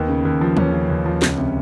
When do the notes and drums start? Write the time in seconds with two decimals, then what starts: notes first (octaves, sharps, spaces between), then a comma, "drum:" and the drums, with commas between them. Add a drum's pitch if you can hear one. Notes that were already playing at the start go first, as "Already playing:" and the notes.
Already playing: D#2 D#3 B3
0.08 C#3
0.25 D#2
0.41 F3
0.57 D#2 C#4, drum: tom
0.72 C#3
0.90 D#2
1.06 F3
1.22 C#2, drum: snare
1.38 C3